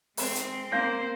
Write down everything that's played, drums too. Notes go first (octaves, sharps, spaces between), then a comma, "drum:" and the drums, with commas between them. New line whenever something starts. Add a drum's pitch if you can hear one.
G#3 C4, drum: open hi-hat
drum: hi-hat
A#3 C5 F5 G6 A#6